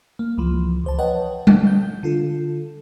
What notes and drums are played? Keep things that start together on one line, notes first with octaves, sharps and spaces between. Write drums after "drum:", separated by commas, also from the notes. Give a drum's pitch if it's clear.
A#3
C#2 E3 F3
C#2 C5 A5
B4 C#5 D#5 F#5 G5 A5
drum: tom G3
G6
D3 F4 A4